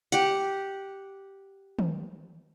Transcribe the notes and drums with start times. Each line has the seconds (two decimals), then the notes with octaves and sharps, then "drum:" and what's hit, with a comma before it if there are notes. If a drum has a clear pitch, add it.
0.12 G4 F#5, drum: hi-hat
1.79 drum: tom D#3